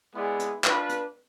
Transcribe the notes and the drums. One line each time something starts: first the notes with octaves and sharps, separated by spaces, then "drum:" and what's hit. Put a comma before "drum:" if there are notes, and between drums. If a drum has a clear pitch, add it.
G#3 B3 E4 G#4 D5
drum: hi-hat
D4 F4 B4, drum: clap
drum: hi-hat